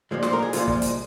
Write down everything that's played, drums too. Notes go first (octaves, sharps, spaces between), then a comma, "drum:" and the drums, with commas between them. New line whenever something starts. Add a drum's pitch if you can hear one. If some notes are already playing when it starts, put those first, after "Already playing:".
C2 A#2 F3 G#3
C5, drum: snare
A#4
G#4
C2 A#2 F3 G#3 F4, drum: hi-hat
drum: kick
drum: hi-hat